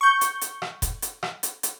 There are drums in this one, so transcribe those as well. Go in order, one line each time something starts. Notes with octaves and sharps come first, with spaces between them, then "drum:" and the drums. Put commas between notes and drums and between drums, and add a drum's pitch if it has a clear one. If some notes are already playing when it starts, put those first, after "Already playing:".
C#6 G6
drum: hi-hat
drum: hi-hat
drum: rim click
drum: kick F1, hi-hat
drum: hi-hat
drum: rim click
drum: hi-hat
drum: hi-hat